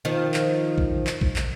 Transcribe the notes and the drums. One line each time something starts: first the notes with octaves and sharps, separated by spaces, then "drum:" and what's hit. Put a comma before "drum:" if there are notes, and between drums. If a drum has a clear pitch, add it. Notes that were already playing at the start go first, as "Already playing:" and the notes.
D#3 F3
drum: clap
drum: kick
drum: clap
drum: kick
drum: clap